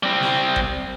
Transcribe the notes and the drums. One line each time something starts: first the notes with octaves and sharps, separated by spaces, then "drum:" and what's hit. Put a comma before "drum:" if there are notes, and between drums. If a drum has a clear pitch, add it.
G3 C4
drum: snare
drum: kick G#1